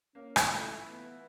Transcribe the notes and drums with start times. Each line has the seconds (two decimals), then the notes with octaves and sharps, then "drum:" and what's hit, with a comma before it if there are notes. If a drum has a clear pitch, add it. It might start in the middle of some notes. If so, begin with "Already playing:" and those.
0.15 A#3 C#4
0.36 drum: rim click
0.51 E3 A3 E4 F4
0.89 B3